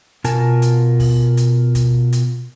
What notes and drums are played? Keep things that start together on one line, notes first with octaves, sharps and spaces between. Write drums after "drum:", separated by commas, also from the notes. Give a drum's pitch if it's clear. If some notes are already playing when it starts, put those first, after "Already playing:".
B2 F4 A#4 G#5 A5, drum: hi-hat
drum: hi-hat
drum: kick, open hi-hat
drum: hi-hat
drum: kick, hi-hat
drum: hi-hat